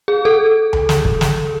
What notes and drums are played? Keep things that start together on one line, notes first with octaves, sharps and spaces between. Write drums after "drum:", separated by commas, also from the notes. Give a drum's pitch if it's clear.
G#4
A4
drum: tom D2
drum: snare
drum: kick
drum: snare